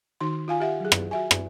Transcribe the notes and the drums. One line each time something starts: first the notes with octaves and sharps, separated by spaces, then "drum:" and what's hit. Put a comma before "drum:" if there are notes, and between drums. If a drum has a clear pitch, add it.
D#3 D#4 F#4 C6
F4 F5 G#5
G4 E5 F#5
F#3 G#4
drum: rim click
F#4 E5 G#5
drum: rim click